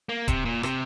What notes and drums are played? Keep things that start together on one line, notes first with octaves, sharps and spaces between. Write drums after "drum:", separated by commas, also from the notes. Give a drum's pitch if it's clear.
A#3
C3, drum: kick D1, hi-hat
A#2
C3, drum: rim click